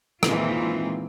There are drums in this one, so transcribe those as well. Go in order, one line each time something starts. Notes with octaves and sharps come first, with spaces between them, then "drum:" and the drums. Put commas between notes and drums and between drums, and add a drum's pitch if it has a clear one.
A#2 D#3 E3 G#3 C4 F4, drum: rim click